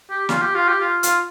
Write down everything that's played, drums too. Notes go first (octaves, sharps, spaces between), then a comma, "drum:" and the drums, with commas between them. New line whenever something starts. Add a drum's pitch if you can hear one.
G4
F4, drum: snare
G4
F4
G4
F4
F4, drum: hi-hat